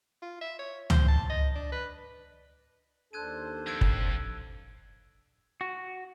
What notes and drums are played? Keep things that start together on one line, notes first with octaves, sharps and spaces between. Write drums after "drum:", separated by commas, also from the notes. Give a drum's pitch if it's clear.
F4
E5
C#5
C5, drum: tom C#2
A5
D#5
D4
B4
D#2 D4 A4 C5 F#6 G#6 D#7
F2 E6 G#6 D7
drum: kick
F#4